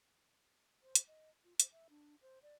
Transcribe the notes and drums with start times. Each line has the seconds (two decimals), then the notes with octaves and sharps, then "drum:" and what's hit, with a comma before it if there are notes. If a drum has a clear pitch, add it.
0.83 C5
0.95 drum: hi-hat
1.07 D#5
1.44 F4
1.60 C5, drum: hi-hat
1.72 E5
1.90 D4
2.22 C5
2.42 D5